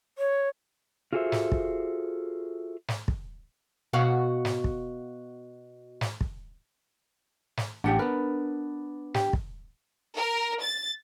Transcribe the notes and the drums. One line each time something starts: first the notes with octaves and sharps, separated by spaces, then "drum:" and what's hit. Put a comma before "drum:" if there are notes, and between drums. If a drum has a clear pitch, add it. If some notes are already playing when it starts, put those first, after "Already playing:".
C#5
F4 F#4 G#4 A4 C5 E5
drum: snare
drum: kick
drum: snare
drum: kick
B2 F#4 F5
drum: snare
drum: kick
drum: snare
drum: kick
drum: snare
A1 D4 G4 F#5 G5
B3 A#4 B4
G4, drum: snare
drum: kick
A#4
A6